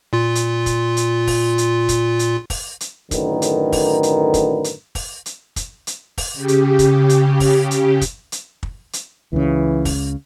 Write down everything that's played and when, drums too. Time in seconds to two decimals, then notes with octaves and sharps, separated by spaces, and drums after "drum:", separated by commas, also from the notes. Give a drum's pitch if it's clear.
0.13 A#2 F4
0.35 drum: hi-hat
0.66 drum: kick, hi-hat
0.97 drum: hi-hat
1.27 drum: kick, open hi-hat
1.58 drum: hi-hat
1.89 drum: kick, hi-hat
2.19 drum: hi-hat
2.50 drum: kick, open hi-hat
2.81 drum: hi-hat
3.11 F#2 A2 D3 D#3 A#4 B4, drum: kick, hi-hat
3.42 drum: hi-hat
3.72 drum: kick, open hi-hat
4.03 drum: hi-hat
4.34 drum: kick, hi-hat
4.64 drum: hi-hat
4.95 drum: kick, open hi-hat
5.26 drum: hi-hat
5.56 drum: kick, hi-hat
5.87 drum: hi-hat
6.18 drum: kick, open hi-hat
6.34 C#3 G4
6.48 drum: hi-hat
6.79 drum: kick, hi-hat
7.09 drum: hi-hat
7.40 drum: kick, open hi-hat
7.71 drum: hi-hat
8.01 drum: kick, hi-hat
8.32 drum: hi-hat
8.63 drum: kick
8.93 drum: hi-hat
9.33 C#2 C#3 E3
9.85 drum: kick, open hi-hat